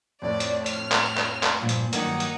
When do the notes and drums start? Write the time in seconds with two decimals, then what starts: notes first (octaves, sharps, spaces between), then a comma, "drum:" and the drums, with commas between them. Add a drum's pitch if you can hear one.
0.22 F2 A2 D5
0.40 drum: hi-hat
0.66 F6, drum: hi-hat
0.92 drum: clap
1.17 drum: clap
1.43 drum: clap
1.60 G2 A#2 F3
1.69 drum: hi-hat
1.93 G2 D#3 F#3 A#3 D#4 F#5, drum: hi-hat
2.20 drum: hi-hat